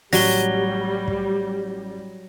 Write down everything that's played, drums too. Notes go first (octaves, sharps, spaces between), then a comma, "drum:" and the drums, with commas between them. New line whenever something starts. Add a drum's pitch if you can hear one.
A1 F#3 G3 G4 D5 A#6 G7, drum: open hi-hat
drum: kick